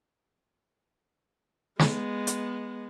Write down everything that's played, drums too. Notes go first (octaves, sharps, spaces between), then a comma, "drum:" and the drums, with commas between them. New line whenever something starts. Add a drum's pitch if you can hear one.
G#3 B3, drum: snare
drum: hi-hat